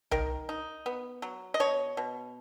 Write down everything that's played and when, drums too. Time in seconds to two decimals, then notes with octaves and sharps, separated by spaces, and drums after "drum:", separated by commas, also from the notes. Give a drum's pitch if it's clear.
0.11 D#3 A#4, drum: tom C2
0.49 D#4
0.86 B3
1.22 F#3
1.54 D#5
1.60 B2 C#5
1.97 B2